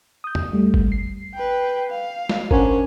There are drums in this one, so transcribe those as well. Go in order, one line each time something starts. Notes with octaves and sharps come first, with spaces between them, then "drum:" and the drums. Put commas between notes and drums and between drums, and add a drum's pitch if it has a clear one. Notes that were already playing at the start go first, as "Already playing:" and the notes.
D#6 G6
drum: tom E2
G3 A3
drum: kick G1
C7
B4 G5
F5
drum: snare
C#4 D4 A#4 C5 F#5, drum: kick G1